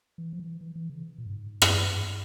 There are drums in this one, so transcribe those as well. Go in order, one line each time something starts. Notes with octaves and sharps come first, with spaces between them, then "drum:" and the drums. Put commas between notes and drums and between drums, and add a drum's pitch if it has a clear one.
E3
F3
E3
E3
E3
C#3
A#2
G2
G#2
drum: rim click
G2